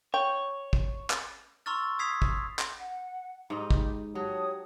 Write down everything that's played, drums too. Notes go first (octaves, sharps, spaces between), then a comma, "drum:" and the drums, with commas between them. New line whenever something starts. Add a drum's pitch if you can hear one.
C#5 G5
drum: kick
drum: clap
A#5 C6 C#6 E6 F6 A6
D#6 G#6 B6 C7 F7
drum: kick
drum: clap
F#5
G#2 D#4 G4 D#5 B5
drum: kick
F#3 G4 C#5 A5 D#6